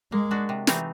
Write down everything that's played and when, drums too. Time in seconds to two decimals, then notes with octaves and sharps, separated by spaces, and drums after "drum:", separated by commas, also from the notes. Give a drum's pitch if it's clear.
0.12 G#3 A#3
0.31 D4 F#4
0.49 C3
0.67 E3 A3 C4 D#4, drum: snare